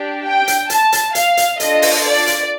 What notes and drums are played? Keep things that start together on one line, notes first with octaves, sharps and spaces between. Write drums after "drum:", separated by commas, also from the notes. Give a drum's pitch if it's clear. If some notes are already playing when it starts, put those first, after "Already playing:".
Already playing: D4 G4
G5
drum: hi-hat
A5, drum: hi-hat
drum: hi-hat
F5, drum: hi-hat
drum: hi-hat
D4 F4 A4 D#5, drum: hi-hat
drum: open hi-hat
D5
drum: hi-hat